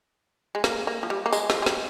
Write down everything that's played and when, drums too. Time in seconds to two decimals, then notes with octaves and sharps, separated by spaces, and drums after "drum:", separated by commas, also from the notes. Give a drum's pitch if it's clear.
0.55 G#3
0.64 A#3, drum: snare
0.87 A#3
1.03 F3
1.10 G3
1.26 A#3
1.33 G#3, drum: tambourine
1.50 F3, drum: snare
1.62 G#3
1.66 G3, drum: snare